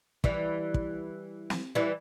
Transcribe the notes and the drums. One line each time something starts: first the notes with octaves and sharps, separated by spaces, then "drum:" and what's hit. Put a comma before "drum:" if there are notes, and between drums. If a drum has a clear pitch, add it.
E3 G3, drum: kick
drum: kick
drum: snare
E3 G3